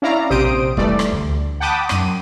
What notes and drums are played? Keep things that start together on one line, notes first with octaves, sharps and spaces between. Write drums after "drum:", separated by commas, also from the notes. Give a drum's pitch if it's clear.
C#4 E4 D5 F5 A#5
A#1 C3 G4 C5 D#6 D7
E3 G3 A3 D5, drum: kick
drum: rim click
D2
F#5 G5 A5 B5 D6 D#6
F#2 D#7, drum: rim click